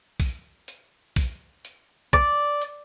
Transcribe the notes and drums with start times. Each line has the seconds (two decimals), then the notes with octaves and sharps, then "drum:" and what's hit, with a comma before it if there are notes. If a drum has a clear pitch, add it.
0.20 drum: kick B1, open hi-hat
0.68 drum: hi-hat
1.16 drum: kick B1, open hi-hat
1.65 drum: hi-hat
2.13 D5, drum: kick B1
2.61 drum: hi-hat